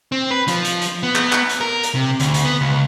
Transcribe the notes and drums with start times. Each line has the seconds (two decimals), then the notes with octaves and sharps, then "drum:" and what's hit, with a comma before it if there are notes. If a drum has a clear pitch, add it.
0.12 C4
0.31 B4
0.48 F3, drum: hi-hat
0.65 drum: hi-hat
0.82 drum: hi-hat
1.03 B3
1.16 drum: clap
1.32 drum: clap
1.49 drum: hi-hat
1.61 A#4
1.83 drum: hi-hat
1.95 C3
2.20 D2, drum: hi-hat
2.34 drum: hi-hat
2.44 B3
2.61 C#2